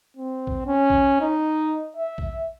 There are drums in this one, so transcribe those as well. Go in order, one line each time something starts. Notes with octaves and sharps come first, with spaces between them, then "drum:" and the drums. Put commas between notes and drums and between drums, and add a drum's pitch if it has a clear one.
C4
drum: kick A#1
C#4
drum: kick A#1
D#4
E5
drum: kick A#1